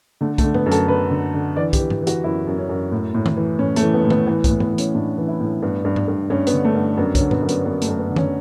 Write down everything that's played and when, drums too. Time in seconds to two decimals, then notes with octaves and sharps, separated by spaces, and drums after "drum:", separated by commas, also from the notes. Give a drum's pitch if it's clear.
0.21 D3 A3
0.38 A3, drum: kick, hi-hat
0.44 D3
0.54 B3, drum: tom G#2
0.66 F#2
0.72 A4, drum: hi-hat
0.88 D3 B4
1.11 D3
1.34 D3
1.56 E3 D5
1.73 G4, drum: kick, hi-hat
1.79 E3
1.90 drum: tom G#2
2.02 E3
2.07 F#4, drum: hi-hat
2.24 F#2 E4
2.47 F#2
2.58 C#4
2.69 F#2
2.92 A2
3.15 A2
3.26 drum: tom D#3
3.36 E3
3.59 A2 C#4
3.76 A3, drum: hi-hat
3.82 E3
3.94 B3
4.04 A2
4.10 B3, drum: tom D#3
4.27 E3 B3
4.44 B3, drum: kick, hi-hat
4.50 A2
4.60 B3, drum: tom G#2
4.72 E3
4.78 C#4, drum: hi-hat
4.95 A2 D4
5.18 E3
5.28 E4
5.40 A2
5.62 G2 B3
5.85 G2
5.96 drum: tom G#2
6.08 G2
6.30 G2 C#4
6.47 B3, drum: hi-hat
6.53 D3
6.65 A3
6.75 G2
6.97 F#2 B3
7.15 C#4, drum: kick, hi-hat
7.20 D3
7.31 B3, drum: tom A#2
7.42 F#2
7.49 B3, drum: hi-hat
7.65 F#2 B3
7.82 A3, drum: hi-hat
7.88 F#2
7.99 B3
8.10 D3
8.16 C#4, drum: tom D#3